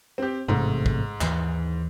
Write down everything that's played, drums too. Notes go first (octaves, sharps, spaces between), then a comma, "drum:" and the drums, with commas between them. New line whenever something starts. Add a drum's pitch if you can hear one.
C4 G4
A1 G#2 C3 A3
drum: kick
D#2 E3, drum: clap